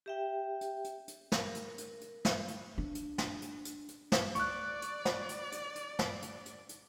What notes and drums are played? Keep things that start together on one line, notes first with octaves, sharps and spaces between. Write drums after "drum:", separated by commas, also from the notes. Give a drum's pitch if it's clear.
G4 E5 G5
drum: hi-hat
drum: hi-hat
drum: hi-hat
A#4, drum: snare
drum: hi-hat
drum: hi-hat
drum: hi-hat
drum: snare
drum: hi-hat
D4
drum: hi-hat
drum: snare
drum: hi-hat
drum: hi-hat
drum: hi-hat
drum: snare
D5 C#6 F#6, drum: hi-hat
drum: hi-hat
drum: snare
drum: hi-hat
drum: hi-hat
drum: hi-hat
drum: snare
drum: hi-hat
drum: hi-hat
drum: hi-hat